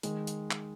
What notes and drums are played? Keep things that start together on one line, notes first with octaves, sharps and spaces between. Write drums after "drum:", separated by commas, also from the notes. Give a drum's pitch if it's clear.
D#3 G#3, drum: hi-hat
drum: hi-hat
drum: clap